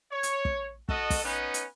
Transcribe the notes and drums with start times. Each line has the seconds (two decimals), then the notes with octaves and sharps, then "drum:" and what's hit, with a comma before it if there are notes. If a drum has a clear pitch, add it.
0.12 C#5
0.23 drum: hi-hat
0.45 drum: kick
0.89 F#4 A4 D#5, drum: kick
1.10 drum: kick, open hi-hat
1.23 B3 C#4 D#4 B4
1.54 drum: hi-hat